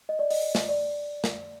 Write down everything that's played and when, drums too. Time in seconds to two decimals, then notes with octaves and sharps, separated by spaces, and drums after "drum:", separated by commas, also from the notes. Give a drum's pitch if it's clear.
0.09 D#5
0.19 D5
0.30 D#5, drum: open hi-hat
0.55 drum: snare
0.69 D5
1.24 drum: snare